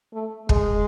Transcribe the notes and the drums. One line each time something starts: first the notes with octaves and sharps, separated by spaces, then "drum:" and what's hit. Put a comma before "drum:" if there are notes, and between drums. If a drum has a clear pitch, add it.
A3
G#3, drum: kick